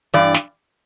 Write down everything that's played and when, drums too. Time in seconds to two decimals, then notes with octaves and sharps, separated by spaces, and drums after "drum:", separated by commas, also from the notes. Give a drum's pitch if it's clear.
0.14 G2 E3 D5, drum: hi-hat
0.34 drum: snare